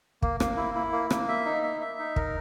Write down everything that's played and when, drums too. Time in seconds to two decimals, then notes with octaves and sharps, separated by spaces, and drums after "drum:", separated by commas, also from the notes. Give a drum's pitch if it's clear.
0.22 A#3, drum: kick
0.40 A#3, drum: rim click
0.57 E4
0.75 E4
0.92 A#3
1.11 A#3, drum: rim click
1.28 E5
1.45 D#4
1.63 E5
1.81 E5
1.99 D#4
2.16 A#4, drum: kick